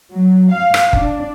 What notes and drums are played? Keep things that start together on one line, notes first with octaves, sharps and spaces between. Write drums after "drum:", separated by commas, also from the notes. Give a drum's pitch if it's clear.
F#3
F5
drum: rim click
D4, drum: kick F#1